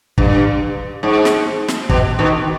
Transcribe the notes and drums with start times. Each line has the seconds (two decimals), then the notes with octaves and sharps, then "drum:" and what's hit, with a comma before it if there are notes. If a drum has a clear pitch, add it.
0.18 G2, drum: kick
1.03 G#2
1.25 drum: snare
1.68 drum: snare
1.89 B2, drum: kick
2.19 B2 D#3